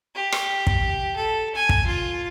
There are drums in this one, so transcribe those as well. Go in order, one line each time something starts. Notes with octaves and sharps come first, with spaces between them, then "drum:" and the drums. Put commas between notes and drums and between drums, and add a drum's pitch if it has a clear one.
G4
drum: rim click
drum: kick
A4
G#5
drum: kick
F4